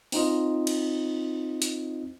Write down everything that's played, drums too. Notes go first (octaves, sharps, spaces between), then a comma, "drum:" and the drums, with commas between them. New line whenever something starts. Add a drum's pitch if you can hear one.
C4 D#4 F4 D#5, drum: open hi-hat
drum: cymbal
drum: hi-hat